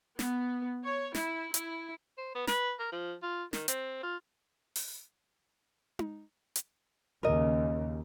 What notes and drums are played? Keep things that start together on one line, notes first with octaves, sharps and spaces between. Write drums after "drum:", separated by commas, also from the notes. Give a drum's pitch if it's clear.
B3, drum: snare
C#5
E4, drum: snare
E4, drum: hi-hat
C5
B3
B4, drum: snare
A#4
F3
F4
D#3, drum: snare
C4, drum: hi-hat
F4
drum: open hi-hat
drum: tom D#4
drum: hi-hat
D#2 C#3 A#4 D#5